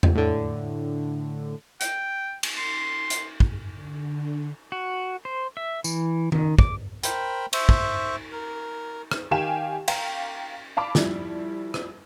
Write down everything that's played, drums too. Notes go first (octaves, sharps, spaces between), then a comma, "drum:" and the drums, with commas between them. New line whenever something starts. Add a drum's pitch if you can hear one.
drum: tom E2
A2 D3
G5, drum: hi-hat
drum: cymbal
C6
drum: hi-hat
drum: kick
D3
F#4
C5
E5
E3, drum: tambourine
D#3, drum: tom D#3
D6, drum: kick
A#4 C5 G5 B5, drum: hi-hat
C5 E5 C#6, drum: cymbal
drum: kick
A#4
drum: rim click
D#3 G4 F5 G5 G#5 E7
F5 G5 A#5, drum: cymbal
F5 A5 B5 D6
F3 G3 E4, drum: snare
drum: rim click